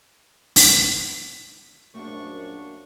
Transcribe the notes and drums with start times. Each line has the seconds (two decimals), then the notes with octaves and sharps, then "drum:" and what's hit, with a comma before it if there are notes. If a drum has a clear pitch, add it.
0.56 drum: open hi-hat
1.94 A#1 F#2 A3 A#3 D4 F#5 C#6